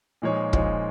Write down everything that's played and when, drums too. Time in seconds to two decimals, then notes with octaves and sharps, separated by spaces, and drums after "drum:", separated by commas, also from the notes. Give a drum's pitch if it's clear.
0.22 A#2 F3 G#3 D#4 C#5
0.53 A#2 F3 G#3 D#4 C#5, drum: kick